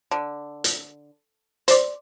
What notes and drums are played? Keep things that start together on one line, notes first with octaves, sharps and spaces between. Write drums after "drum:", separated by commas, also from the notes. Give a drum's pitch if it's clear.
D3
drum: hi-hat
C5 D5, drum: hi-hat